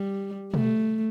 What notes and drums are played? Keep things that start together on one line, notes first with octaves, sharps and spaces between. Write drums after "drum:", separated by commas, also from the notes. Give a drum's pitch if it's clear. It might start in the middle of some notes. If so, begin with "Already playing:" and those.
Already playing: G3
A3, drum: tom B2